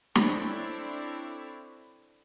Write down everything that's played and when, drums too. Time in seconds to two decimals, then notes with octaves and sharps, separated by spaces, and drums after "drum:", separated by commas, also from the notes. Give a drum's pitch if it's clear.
0.15 C4 D4 E4 A4 C#5, drum: snare